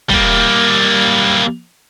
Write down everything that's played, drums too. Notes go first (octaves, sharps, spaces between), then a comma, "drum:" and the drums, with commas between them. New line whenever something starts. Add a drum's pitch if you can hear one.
G3 A#3, drum: kick